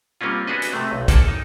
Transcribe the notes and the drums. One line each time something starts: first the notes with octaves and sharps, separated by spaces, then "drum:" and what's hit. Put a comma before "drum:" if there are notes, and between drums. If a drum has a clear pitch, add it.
G3 A#3 C4 C#4 F4
B3 D4 F#4 G#4 B4 D#5
drum: hi-hat
C3 A3
B1
A#3 G#4 A4 F#5 G5 A5, drum: kick, hi-hat
D#4